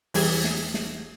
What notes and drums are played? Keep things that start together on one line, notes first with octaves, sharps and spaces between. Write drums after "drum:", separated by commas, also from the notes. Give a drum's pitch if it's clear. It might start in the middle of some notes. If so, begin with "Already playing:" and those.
E2 E3 G3 G4 G#4 G#6, drum: open hi-hat
drum: snare
drum: snare